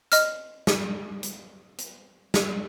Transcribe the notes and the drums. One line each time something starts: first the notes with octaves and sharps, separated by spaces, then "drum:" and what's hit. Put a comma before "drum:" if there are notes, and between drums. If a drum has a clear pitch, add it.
D#5 F6, drum: hi-hat
drum: snare
drum: hi-hat
drum: hi-hat
drum: snare